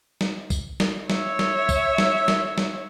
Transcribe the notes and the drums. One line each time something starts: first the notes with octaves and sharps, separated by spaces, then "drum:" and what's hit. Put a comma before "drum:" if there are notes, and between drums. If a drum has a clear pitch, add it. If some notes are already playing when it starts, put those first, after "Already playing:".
drum: snare
drum: kick, tambourine
drum: snare
C#5 E5, drum: snare
drum: snare
drum: kick, tambourine
drum: snare
drum: snare
drum: snare